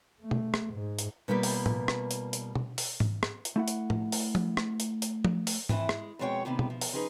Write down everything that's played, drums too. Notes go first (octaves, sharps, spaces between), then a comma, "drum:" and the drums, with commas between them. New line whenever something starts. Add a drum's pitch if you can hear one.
A3
drum: tom B2
drum: rim click
G#2
drum: hi-hat
B2 G3 A#3 F4 G4 B4
drum: open hi-hat
drum: tom A2
drum: rim click
drum: hi-hat
drum: hi-hat
drum: tom B2
drum: open hi-hat
drum: tom G#2
drum: rim click
drum: hi-hat
A3 E4 F#5
drum: hi-hat
drum: tom A2
drum: open hi-hat
drum: tom F3
drum: rim click
drum: hi-hat
drum: hi-hat
drum: tom F3
drum: open hi-hat
F2 E3 E4, drum: tom G#2
G#3, drum: rim click
F2 B2 G#3 C#5 G5
A2 C3 D#3 B3
drum: tom B2
F3
drum: open hi-hat
F3 C#4 D#4 G#4 B4